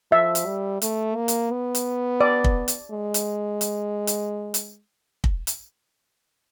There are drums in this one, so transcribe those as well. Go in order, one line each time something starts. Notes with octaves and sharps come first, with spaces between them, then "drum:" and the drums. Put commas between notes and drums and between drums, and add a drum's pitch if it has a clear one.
F3 E5
drum: hi-hat
G3
A3, drum: hi-hat
A#3
drum: hi-hat
B3
drum: hi-hat
D5
drum: kick
drum: hi-hat
G#3
drum: hi-hat
drum: hi-hat
drum: hi-hat
drum: hi-hat
drum: kick
drum: hi-hat